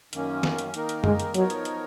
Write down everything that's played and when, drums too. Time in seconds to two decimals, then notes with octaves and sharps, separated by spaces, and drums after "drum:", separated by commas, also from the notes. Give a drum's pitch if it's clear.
0.13 F#2 D#3 A#3 C#4, drum: hi-hat
0.43 drum: snare
0.59 drum: hi-hat
0.74 D#3 A#3 D#4 A#4, drum: hi-hat
0.89 drum: hi-hat
1.04 G#3, drum: tom F#2
1.20 drum: hi-hat
1.34 F3 F#3 B3 D#4 A#4 C#5, drum: hi-hat
1.50 drum: hi-hat
1.65 drum: hi-hat